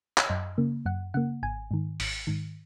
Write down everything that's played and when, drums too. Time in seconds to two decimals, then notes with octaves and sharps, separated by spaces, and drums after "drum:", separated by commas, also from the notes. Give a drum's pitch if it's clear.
0.18 C#5, drum: clap
0.29 F#2 D#5
0.58 C#3 A#3
0.86 F#2 F#5
1.14 C#3 A#3 F#5
1.43 G#1 G#5
1.71 G#2 D#3
2.00 G#1, drum: open hi-hat
2.27 G#2 D#3